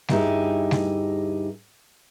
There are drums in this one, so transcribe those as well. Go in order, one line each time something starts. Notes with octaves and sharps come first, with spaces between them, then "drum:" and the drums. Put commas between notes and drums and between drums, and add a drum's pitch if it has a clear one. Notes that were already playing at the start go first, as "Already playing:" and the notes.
D2 G2 D#4 E4 G4 G#4, drum: snare G3
drum: snare G3